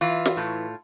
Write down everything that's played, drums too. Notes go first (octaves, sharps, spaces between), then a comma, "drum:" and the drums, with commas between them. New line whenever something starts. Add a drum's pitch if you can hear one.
E3 F4
drum: snare
A2